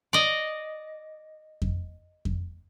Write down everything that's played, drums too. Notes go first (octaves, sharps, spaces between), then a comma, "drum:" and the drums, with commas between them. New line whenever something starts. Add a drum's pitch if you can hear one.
D5 D#5
drum: kick F2
drum: kick F2